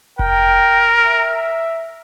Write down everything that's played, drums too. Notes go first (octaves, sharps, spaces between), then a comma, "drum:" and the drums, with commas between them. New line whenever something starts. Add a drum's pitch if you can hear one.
A#4 G5, drum: kick F1
E5